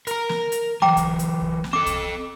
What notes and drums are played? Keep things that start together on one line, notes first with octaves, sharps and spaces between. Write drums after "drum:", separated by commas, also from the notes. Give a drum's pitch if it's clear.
A#4 A#5, drum: hi-hat
drum: snare
drum: hi-hat
E3 F#3 G5 A#5 D6
drum: kick, hi-hat
drum: hi-hat
drum: kick
drum: snare
C4 A4 D6
drum: kick, hi-hat